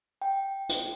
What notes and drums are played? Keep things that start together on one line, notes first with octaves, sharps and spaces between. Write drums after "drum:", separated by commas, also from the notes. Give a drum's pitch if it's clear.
G5
drum: hi-hat